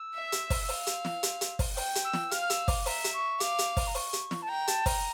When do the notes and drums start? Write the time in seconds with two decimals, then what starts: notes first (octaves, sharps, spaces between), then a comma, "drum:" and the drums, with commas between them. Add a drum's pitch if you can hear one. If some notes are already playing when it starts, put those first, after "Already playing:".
Already playing: E6
0.15 E5
0.32 drum: hi-hat
0.50 drum: kick, open hi-hat
0.69 F5, drum: open hi-hat
0.87 drum: hi-hat
1.05 drum: snare
1.23 drum: hi-hat
1.41 drum: hi-hat
1.59 drum: kick, open hi-hat
1.77 G5, drum: open hi-hat
1.95 drum: hi-hat
2.04 E6
2.13 drum: snare
2.31 F5 F6, drum: hi-hat
2.41 F6
2.50 E6, drum: hi-hat
2.68 D6, drum: kick, open hi-hat
2.86 E5 A#5, drum: open hi-hat
3.04 drum: hi-hat
3.13 C#6
3.40 F5 D6, drum: hi-hat
3.59 drum: hi-hat
3.77 drum: kick, open hi-hat
3.87 A#5
3.95 C#6, drum: open hi-hat
4.13 drum: hi-hat
4.31 drum: snare
4.42 A5
4.49 G5 A#5
4.67 A5, drum: hi-hat
4.86 A#5, drum: kick, open hi-hat